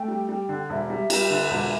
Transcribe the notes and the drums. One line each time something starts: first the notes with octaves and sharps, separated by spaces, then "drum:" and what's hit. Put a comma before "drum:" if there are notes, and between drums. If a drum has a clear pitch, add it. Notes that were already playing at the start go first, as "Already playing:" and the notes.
Already playing: A3 G5
G3
G3
D3
E1 E5
G3
G3, drum: cymbal
D3
E1